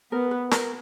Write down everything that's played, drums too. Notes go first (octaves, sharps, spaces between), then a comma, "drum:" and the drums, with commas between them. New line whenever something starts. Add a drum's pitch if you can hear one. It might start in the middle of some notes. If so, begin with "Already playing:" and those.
B3 A#4
B4
A#4, drum: snare